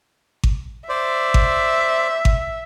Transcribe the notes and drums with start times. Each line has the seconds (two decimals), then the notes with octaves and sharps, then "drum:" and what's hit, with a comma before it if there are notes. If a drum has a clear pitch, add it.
0.43 drum: kick G#1
0.89 C5 D5 E5
1.34 drum: kick G#1
2.25 drum: kick G#1